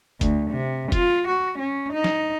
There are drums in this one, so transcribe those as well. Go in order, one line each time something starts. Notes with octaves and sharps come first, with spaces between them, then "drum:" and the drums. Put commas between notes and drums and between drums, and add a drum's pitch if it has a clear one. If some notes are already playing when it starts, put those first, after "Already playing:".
D2, drum: kick F1, hi-hat
C3
F4, drum: kick F1, hi-hat
F#4
C#4
D#4
drum: snare